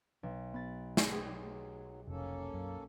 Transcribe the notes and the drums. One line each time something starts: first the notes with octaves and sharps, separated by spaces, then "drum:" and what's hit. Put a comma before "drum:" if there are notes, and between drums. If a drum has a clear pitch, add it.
B1
F#3 B3 B5 A6
drum: snare
F#3 G4 G#4
F1 A#3 C#4 A4
F#2